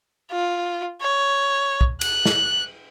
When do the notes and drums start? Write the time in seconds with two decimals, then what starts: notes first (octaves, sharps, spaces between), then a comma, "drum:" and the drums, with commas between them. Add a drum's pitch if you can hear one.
0.31 F4
1.02 C#5
1.81 drum: kick
2.01 F#6, drum: cymbal
2.26 drum: snare